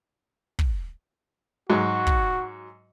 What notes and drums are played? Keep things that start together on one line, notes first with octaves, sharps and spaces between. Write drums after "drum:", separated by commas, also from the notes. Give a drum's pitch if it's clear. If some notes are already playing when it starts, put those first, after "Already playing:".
drum: kick
G#2 F#3 F#4
drum: kick